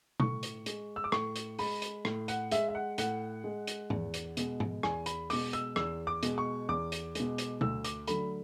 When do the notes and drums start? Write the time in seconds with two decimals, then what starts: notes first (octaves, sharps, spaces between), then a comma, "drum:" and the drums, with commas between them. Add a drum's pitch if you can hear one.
0.20 A2 C#6, drum: tom B2
0.43 drum: hi-hat
0.66 G#3, drum: hi-hat
0.96 E6
1.04 D6
1.12 A2 C#6, drum: rim click
1.36 drum: hi-hat
1.59 G#3 B5, drum: open hi-hat
1.82 drum: hi-hat
2.05 A2, drum: rim click
2.28 F#5, drum: hi-hat
2.51 G#3 E5, drum: hi-hat
2.69 E5
2.75 F#5
2.98 A2 F#5, drum: hi-hat
3.44 G#3
3.67 drum: hi-hat
3.90 E2, drum: tom G#2
4.14 drum: hi-hat
4.37 B2 G#3, drum: hi-hat
4.60 drum: tom G#2
4.83 E2 G#5, drum: rim click
5.06 B5, drum: hi-hat
5.30 B2 G#3 D6, drum: open hi-hat
5.53 E6, drum: hi-hat
5.76 E2 E6, drum: rim click
6.07 D6
6.23 B2 G#3, drum: hi-hat
6.38 C#6
6.69 E2 D6
6.92 drum: hi-hat
7.15 B2 G#3, drum: hi-hat
7.38 drum: hi-hat
7.61 D2 E6, drum: tom B2
7.84 D6, drum: hi-hat
8.07 D3 F#3 A3 B5, drum: hi-hat